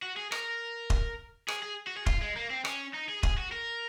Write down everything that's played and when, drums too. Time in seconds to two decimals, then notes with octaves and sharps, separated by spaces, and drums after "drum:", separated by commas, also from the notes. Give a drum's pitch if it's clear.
0.03 F#4
0.17 G#4
0.32 A#4, drum: rim click
0.90 drum: kick D#1
1.48 G#4, drum: rim click
1.63 G#4
1.87 F#4
1.97 G#4
2.06 F4, drum: kick D#1
2.21 G#3
2.36 A#3
2.50 C4
2.65 C#4, drum: rim click
2.94 D#4
3.09 G#4
3.23 G#4, drum: kick D#1
3.38 F#4
3.52 A#4